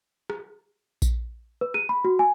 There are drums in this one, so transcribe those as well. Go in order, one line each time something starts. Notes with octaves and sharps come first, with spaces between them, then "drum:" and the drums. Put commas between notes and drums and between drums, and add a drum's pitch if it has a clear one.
drum: rim click
drum: kick A#1, tambourine
B4
D#7, drum: rim click
B5
F#4
G#5